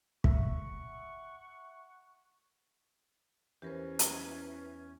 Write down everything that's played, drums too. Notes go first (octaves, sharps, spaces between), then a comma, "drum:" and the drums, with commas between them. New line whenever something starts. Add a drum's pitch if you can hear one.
E5 F#5 C#6, drum: kick
E2 E3 C#4 G4 A#4 C5
drum: hi-hat